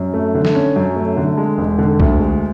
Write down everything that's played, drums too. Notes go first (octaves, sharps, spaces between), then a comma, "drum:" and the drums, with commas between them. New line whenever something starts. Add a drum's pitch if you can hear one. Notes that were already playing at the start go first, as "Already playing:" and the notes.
Already playing: F#2
A3
D3
drum: snare
C#4
F#2
A3
D3
G#3
E1
D3
D2, drum: kick C2
G#3